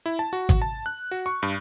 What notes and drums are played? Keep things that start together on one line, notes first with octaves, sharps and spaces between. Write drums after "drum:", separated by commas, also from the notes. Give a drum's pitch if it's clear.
E4
A5
F#4
drum: kick G#1, hi-hat
A5
F#6
F#4
C#6
G2